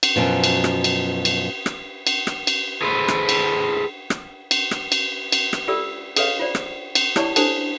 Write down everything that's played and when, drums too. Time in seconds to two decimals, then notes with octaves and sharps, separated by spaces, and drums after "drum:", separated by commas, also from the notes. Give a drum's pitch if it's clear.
0.03 drum: cymbal
0.16 F#2 B2 F3
0.44 drum: cymbal
0.64 drum: rim click
0.84 drum: cymbal
1.25 drum: cymbal
1.66 drum: rim click
2.07 drum: cymbal
2.27 drum: rim click
2.47 drum: cymbal
2.82 G#4 A4 B4 C5
3.08 drum: rim click
3.29 drum: cymbal
4.10 drum: rim click
4.51 drum: cymbal
4.71 drum: rim click
4.92 drum: cymbal
5.32 drum: cymbal
5.53 drum: rim click
5.68 F4 G4 A4 D5 E6
6.16 G#4 A4 B4 C#5 D#5 F5, drum: cymbal
6.39 F4 C5 D5
6.55 drum: rim click
6.95 drum: cymbal
7.16 E4 G4 C#5 D5 A5 C#6, drum: rim click
7.36 D4 G4 A4 C5 A5, drum: cymbal